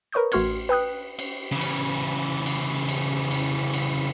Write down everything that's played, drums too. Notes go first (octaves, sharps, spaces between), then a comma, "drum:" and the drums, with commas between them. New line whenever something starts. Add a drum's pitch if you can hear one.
A#4 B4 C#5 C#6 D#6 G6
A1 A3 F#4 C6 F6 G#6, drum: cymbal
B4 G5 D#6 F#6
drum: cymbal
C#3 E3
drum: cymbal
drum: cymbal
drum: cymbal
drum: cymbal
drum: cymbal